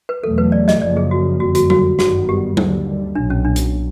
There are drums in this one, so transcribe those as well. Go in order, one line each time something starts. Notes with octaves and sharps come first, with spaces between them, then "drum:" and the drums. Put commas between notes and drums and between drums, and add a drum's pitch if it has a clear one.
B4
E2 B2 F#3 A3 A4
B4
D5
D#5, drum: snare
F#1 F#2 C#3 F3 A#3 D5
G#4
F#4
F#1 F2 D3 G3 F#4
F#4, drum: hi-hat
F#4, drum: tom F#3
G1 F#2 D#3 G3 B3 F#4, drum: snare
G4
D#2 D3 G3, drum: tom F#3
B1 A#2 F#3 D4
C#4
D4
drum: hi-hat